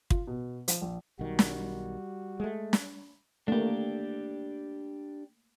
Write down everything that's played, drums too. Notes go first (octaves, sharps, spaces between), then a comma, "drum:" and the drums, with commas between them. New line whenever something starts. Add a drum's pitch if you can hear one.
F4, drum: kick
B2
F3, drum: hi-hat
A#1
B1 D#3 G3 F#4
drum: snare
G#3 A3
drum: snare
A3 A#3 D4 G4